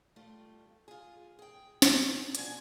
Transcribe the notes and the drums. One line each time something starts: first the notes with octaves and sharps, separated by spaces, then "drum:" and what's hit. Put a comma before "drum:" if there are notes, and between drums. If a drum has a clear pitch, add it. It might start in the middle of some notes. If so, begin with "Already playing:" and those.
G3 A3 F4
F4 G#4
G#4 G5
drum: snare
F2 B2 F3 D4 F4 G#5, drum: hi-hat